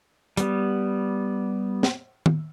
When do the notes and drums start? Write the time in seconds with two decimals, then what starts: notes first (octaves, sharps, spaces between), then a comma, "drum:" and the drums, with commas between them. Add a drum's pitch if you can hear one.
0.37 G3 B3, drum: hi-hat
1.83 drum: snare
2.26 drum: tom D#3